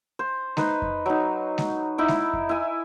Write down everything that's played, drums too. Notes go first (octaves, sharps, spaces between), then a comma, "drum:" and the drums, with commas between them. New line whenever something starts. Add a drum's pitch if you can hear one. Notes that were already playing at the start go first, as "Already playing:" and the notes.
C5
D#4 B4 C5, drum: snare G#3
drum: kick F2
F#3 D#4
drum: snare G#3
D#4 E4 D6
drum: snare G#3
drum: kick F2
E4 G#5